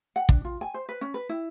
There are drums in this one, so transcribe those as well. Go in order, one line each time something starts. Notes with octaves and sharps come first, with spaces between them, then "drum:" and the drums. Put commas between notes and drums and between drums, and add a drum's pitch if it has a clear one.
F#5
D4, drum: kick
F4
G#5
C5
B4
C#4
B4
E4